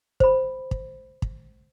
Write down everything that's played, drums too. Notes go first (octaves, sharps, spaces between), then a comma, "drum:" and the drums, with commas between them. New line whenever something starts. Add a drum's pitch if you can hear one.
C5 B5, drum: kick
drum: kick
drum: kick